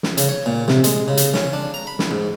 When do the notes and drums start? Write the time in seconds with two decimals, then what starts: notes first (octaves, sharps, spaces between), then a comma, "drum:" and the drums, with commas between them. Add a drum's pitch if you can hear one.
0.03 drum: snare
0.17 C#3, drum: hi-hat
0.29 C#5
0.46 A#2
0.68 C3, drum: snare
0.84 G#3, drum: hi-hat
1.08 C#3
1.17 drum: hi-hat
1.34 C#4, drum: snare
1.53 D4
1.74 A#5
1.87 B5
1.99 drum: snare
2.11 G#2